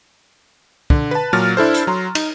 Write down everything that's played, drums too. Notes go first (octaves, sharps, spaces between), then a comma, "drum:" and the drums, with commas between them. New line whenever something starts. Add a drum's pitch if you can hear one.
D3, drum: kick
B4 A5
A#2 F#3 F6 A6
D4 E4 A4 C5
drum: hi-hat
F#3 A#5 C6
D#4, drum: cymbal